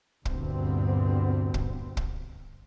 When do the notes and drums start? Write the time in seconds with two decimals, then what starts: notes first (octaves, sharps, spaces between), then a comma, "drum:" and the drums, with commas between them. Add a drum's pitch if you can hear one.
0.25 D2 G2 A#2 B3 C4, drum: kick
1.54 drum: kick
1.97 drum: kick